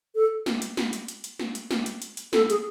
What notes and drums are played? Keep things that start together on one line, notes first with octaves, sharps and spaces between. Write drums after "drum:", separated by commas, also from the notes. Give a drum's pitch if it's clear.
A4
drum: snare
drum: hi-hat
drum: snare
drum: hi-hat
drum: hi-hat
drum: hi-hat
drum: snare
drum: hi-hat
drum: snare
drum: hi-hat
drum: hi-hat
drum: hi-hat
A4, drum: snare
G#4, drum: hi-hat